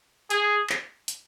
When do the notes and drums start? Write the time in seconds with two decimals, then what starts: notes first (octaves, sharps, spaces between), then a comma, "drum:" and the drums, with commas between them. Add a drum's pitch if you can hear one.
0.30 G#4, drum: hi-hat
0.69 drum: clap
1.08 drum: hi-hat